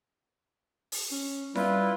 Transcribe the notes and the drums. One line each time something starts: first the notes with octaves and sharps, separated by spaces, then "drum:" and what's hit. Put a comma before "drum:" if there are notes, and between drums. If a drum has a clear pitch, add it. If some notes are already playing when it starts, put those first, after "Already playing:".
drum: open hi-hat
C#4
G3 E4 F4 B4, drum: snare E4